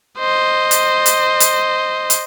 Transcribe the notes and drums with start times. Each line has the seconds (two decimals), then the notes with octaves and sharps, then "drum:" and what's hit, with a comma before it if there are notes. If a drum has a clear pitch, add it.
0.19 C5 D#5
0.71 drum: hi-hat
1.06 drum: hi-hat
1.40 drum: hi-hat
2.10 drum: hi-hat